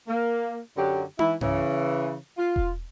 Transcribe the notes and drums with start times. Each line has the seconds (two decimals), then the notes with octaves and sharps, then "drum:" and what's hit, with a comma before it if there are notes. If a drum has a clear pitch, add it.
0.08 A#3
0.77 F#2 D3 F#3 G4
1.19 E3 E4, drum: tom
1.41 C#3 E3, drum: tom G2
2.38 F4
2.56 drum: kick E1